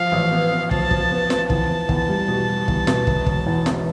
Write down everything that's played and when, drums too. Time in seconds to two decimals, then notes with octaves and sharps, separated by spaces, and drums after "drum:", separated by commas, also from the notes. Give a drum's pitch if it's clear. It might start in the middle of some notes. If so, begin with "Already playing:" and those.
Already playing: F3 F5
0.12 A1
0.32 B3
0.52 B3
0.71 F3 A5, drum: kick
0.91 F3, drum: kick
1.11 B3
1.30 F3, drum: snare
1.50 E2 A5, drum: kick
1.69 B3
1.89 E2, drum: kick
2.09 G3
2.28 B2
2.48 G3
2.68 E2, drum: kick
2.87 B2, drum: snare
3.07 E1, drum: kick
3.26 E1, drum: kick
3.47 E2
3.66 E1, drum: snare